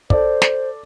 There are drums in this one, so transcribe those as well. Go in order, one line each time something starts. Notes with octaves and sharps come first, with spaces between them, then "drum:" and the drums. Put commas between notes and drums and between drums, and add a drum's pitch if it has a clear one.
A4 C5 D5, drum: kick
drum: snare